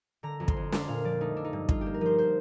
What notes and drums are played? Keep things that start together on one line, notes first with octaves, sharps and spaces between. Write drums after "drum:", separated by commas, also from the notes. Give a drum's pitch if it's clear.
D3 A#5
F2
C6, drum: kick
F2
D4 C6, drum: snare
A#2 F5
F3 D5
A3 D#4
D4
D#4
G2
G2 F4, drum: kick
G4
A#3
A#4
F3 C5
C5